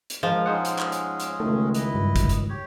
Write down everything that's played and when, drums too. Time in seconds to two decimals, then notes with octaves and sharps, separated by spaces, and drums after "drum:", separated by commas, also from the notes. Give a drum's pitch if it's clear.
0.10 drum: hi-hat
0.23 F3 G#3 A#4
0.46 G#3 C#4 D#4 G#4 C5 F#5
0.65 drum: hi-hat
0.79 drum: clap
0.92 drum: hi-hat
1.20 drum: hi-hat
1.40 C#2 D#3 A3
1.75 E4 B4 D#5, drum: hi-hat
1.95 G2
2.16 drum: kick, hi-hat
2.29 drum: hi-hat
2.49 G4 C#5